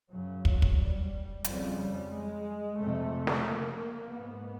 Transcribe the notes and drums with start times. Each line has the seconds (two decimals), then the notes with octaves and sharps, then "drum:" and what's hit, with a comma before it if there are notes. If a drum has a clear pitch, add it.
0.11 F#2 C#3 F#3
0.45 F#3, drum: kick
0.62 drum: kick
0.77 G3
1.44 F2 C#3 G3, drum: hi-hat
1.78 G3
2.11 G#3
2.79 F2 C3 A3
3.27 drum: snare
3.45 A#3
4.12 G#2 B3